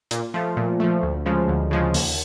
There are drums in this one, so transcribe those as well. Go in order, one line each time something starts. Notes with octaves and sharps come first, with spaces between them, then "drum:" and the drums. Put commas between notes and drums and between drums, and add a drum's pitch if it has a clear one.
A#2, drum: hi-hat
F3 A3
A#2
F3 A3
D2
C#3 F3 G#3
D2
C#3 F3 G#3
D#2, drum: open hi-hat